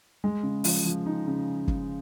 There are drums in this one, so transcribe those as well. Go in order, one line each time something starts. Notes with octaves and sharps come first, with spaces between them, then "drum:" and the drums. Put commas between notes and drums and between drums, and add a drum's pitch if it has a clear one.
G#3
C#3
F3, drum: open hi-hat
F3
D#4
C#3
drum: kick